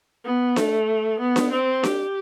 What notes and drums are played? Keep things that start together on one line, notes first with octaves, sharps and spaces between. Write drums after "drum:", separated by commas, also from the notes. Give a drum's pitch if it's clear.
B3
A3, drum: snare D4
B3
drum: snare D4
C4
G4, drum: snare D4